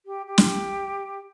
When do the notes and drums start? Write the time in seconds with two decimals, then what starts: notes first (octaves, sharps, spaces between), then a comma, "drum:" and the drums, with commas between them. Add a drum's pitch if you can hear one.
0.06 G4
0.26 G4
0.38 drum: snare